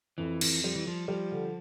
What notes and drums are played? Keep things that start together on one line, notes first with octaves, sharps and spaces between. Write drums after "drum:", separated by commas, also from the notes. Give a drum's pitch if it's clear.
F2 E3
F2, drum: cymbal
F3 G3
E3
F3 G3
F3 G3
D3